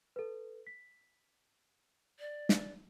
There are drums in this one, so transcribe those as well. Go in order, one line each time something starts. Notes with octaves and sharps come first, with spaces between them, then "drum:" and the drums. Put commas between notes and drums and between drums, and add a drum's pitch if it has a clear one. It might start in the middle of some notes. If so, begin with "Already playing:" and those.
A4 B4
B6
D5
drum: snare